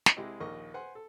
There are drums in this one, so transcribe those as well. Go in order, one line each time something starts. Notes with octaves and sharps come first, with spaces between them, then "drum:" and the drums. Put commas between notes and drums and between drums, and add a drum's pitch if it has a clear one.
drum: snare
C2 G#3 E4 G4 D#5 G5
A#1 D#2 D#3 A#4 D#5 C#6
B4 C5 F#5 G#5 C6
A4